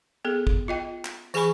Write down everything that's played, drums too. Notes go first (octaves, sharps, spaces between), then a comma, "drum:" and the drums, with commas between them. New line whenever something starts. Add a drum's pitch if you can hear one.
B3 G#4 A4
drum: kick
F4 D#5 G5
drum: clap
E3 G#4 G#5 B5 C#6, drum: tambourine